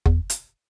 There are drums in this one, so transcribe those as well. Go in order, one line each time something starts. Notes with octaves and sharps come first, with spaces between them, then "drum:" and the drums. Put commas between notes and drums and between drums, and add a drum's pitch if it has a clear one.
E2, drum: kick F#1
drum: hi-hat